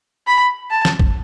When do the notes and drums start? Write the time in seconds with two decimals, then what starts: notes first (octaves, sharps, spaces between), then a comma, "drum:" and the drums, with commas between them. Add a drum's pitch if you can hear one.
0.27 B5
0.70 A5
0.85 drum: snare
0.99 drum: kick